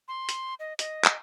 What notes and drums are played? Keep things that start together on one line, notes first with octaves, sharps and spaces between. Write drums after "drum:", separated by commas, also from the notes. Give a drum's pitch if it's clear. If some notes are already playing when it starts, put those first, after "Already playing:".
C6
drum: hi-hat
D#5
D#5, drum: hi-hat
drum: clap